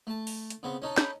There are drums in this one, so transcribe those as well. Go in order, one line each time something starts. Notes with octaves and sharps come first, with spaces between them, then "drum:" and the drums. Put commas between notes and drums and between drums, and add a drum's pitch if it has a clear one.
A3 A5
drum: open hi-hat
drum: hi-hat
C#3 B3 C4
C#4 D#4 A4
B5 G6, drum: snare